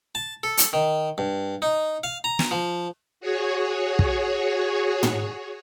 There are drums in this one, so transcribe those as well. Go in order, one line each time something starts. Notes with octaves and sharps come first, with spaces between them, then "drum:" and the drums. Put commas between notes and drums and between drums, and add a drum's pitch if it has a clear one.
A5
A4
drum: hi-hat
D#3
G2
D#4
F5
A#5
drum: snare
F3
F#4 G#4 C#5
drum: kick
drum: tom